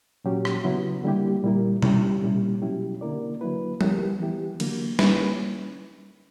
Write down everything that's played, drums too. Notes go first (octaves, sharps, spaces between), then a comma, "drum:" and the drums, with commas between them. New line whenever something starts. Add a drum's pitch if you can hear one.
A#2 F#3 C#4 G4
drum: rim click
C#3 F#3 B3 E4
D3 G3 A#3 E4 G4
A#2 G3 A#3 E4 A#4
G3 C#4 E4 G4, drum: tom B2
A#2 G3 A#3 C#4 E4
B2 F#3 C#4 E4 G4
D3 A#3 E4 A#4 D5
D3 F#3 A#3 E4 B4
G3 B3 E4 G4 A#4, drum: tom F3
E3 B3 E4 G4
D3 F#3 A#3, drum: cymbal
A#3 C#4 E4 B4, drum: snare